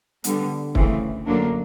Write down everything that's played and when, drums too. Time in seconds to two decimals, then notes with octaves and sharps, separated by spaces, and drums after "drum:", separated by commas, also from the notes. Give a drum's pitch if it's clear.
0.24 D3 G3 B3, drum: hi-hat
0.75 C#3 E3 A3 C4, drum: kick
1.25 F#2 D3 F#3 A#3 D4